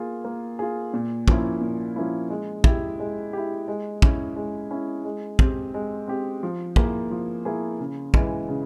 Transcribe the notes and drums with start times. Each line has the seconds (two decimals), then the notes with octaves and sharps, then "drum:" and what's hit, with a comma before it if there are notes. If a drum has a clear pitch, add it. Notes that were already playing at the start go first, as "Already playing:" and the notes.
Already playing: A#3 F4 G#4
0.24 A#3
0.59 F4 G#4
0.94 A#2
1.28 F3 A#3 C#4 E4, drum: kick
1.62 A#2
1.96 F3 A#3 C#4 E4
2.30 G#3
2.64 E4 G4, drum: kick
3.00 G#3
3.33 E4 G4
3.68 G#3
4.02 C#4 E4, drum: kick
4.36 G#3
4.71 C#4 E4
5.05 G#3
5.39 C4 G4, drum: kick
5.74 G#3
6.08 C4 G4
6.43 F3
6.76 A#3 E4 G#4, drum: kick
7.11 F3
7.45 A#3 E4 G#4
7.80 C#3
8.14 E3 G#3 E4, drum: kick
8.49 C#3